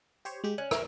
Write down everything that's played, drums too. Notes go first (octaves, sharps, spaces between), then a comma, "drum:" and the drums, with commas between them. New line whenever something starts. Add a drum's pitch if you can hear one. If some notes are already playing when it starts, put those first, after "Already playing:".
G4 C5 C#5
G#3 G4
C#4 F#6
A#4 C#5 E5, drum: rim click